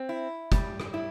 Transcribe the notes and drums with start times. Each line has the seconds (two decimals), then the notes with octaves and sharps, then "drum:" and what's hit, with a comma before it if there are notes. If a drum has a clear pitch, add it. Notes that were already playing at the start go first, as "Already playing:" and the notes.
Already playing: C4
0.09 E4
0.52 G3, drum: kick, hi-hat
0.80 drum: rim click
0.94 E4